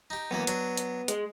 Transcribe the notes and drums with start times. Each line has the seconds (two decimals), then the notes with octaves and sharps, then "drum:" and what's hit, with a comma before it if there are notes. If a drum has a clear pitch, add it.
0.10 D#4 G4
0.31 F#2 E3 A#3 B3
0.47 F#3 D4, drum: hi-hat
0.77 drum: hi-hat
1.08 G#3, drum: hi-hat